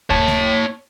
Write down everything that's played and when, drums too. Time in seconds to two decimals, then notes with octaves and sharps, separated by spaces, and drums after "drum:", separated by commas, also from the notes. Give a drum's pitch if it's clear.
0.10 C#5 A5, drum: kick D2
0.27 drum: snare A3